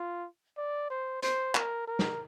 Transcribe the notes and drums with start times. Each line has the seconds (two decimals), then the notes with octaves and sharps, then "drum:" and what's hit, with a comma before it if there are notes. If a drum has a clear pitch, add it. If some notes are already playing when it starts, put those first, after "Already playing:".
Already playing: F4
0.57 D5
0.90 C5
1.22 C5, drum: hi-hat
1.55 A#4, drum: clap
1.87 A#4
1.99 drum: snare